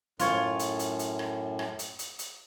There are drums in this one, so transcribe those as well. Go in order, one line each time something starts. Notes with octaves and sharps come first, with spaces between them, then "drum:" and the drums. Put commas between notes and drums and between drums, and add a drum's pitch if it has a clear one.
F#2 A2 F4 C#5, drum: hi-hat
drum: hi-hat
drum: hi-hat
drum: hi-hat
drum: rim click
drum: rim click
drum: hi-hat
drum: hi-hat
drum: hi-hat